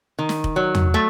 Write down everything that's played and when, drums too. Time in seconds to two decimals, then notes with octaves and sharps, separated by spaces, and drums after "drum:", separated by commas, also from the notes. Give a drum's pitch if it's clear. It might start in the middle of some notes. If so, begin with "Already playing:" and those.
0.19 D#3
0.29 drum: snare
0.44 drum: kick
0.56 F#3
0.75 drum: tom E2
0.94 A3